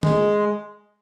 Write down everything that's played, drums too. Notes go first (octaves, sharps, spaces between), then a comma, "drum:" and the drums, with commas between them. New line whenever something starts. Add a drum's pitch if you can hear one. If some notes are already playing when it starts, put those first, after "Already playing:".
G#3, drum: tom